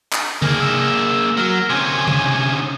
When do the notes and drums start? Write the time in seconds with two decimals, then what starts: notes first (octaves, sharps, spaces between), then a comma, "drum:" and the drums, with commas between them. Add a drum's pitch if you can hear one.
0.13 drum: clap
0.42 A#3 G#4 A#4, drum: tom C3
0.61 E6
1.37 F#3 A#4
1.70 C3 C#4 G#5
2.07 drum: tom C3